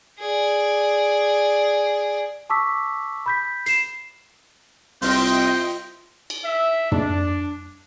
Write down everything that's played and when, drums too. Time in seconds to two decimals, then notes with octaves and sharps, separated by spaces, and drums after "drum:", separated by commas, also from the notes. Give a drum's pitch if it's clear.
0.19 G#4 D5
2.50 A5 C#6 D6 E6 B6
3.26 B5 G6 B6
3.66 C7 E7, drum: hi-hat
5.02 C2 F4 C5 D#5 E5 G5, drum: open hi-hat
6.30 drum: cymbal
6.45 E5
6.92 D4, drum: tom